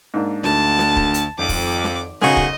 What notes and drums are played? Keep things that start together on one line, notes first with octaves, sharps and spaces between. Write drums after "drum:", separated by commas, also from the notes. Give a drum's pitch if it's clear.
G#2 A#3 D4
D2 A5, drum: snare
drum: snare
drum: kick
drum: hi-hat
G#1 F2 D6
drum: kick, open hi-hat
drum: snare
B1 F#2 C#3 F#4 G#4 D#5, drum: snare
drum: kick